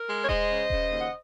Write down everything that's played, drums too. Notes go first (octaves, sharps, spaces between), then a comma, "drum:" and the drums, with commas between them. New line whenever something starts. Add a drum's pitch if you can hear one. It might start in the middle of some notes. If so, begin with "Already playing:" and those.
Already playing: A#4
G#3
C#5
G#3 C5 D#5, drum: kick D#1
C#3
C#3, drum: kick D#1
D#2
F#5